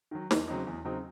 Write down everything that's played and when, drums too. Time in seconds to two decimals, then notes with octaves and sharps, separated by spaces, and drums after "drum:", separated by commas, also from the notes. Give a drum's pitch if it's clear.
0.11 D#3 F#3
0.31 E2, drum: snare
0.48 C#3 F#3 C4 D#4
0.67 E2
0.85 C#3 F#3 C4 D#4